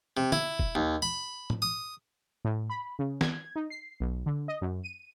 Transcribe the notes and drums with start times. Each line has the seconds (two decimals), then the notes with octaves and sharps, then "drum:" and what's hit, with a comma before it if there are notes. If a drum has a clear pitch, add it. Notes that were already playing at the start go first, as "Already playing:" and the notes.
0.17 C3
0.32 E4, drum: tom
0.59 drum: kick
0.75 D#2
1.02 B5
1.50 drum: tom A2
1.62 D#6
2.45 A2
2.70 B5
2.99 C#3
3.21 G#6, drum: snare
3.56 D#4
3.70 C7
4.00 B1
4.26 D3
4.48 D#5
4.61 F#2
4.84 D#7